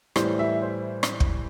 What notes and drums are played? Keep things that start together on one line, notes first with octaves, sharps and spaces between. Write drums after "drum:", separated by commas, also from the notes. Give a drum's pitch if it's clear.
A2 E3 G3 C5, drum: rim click
E5
C5
drum: rim click
drum: kick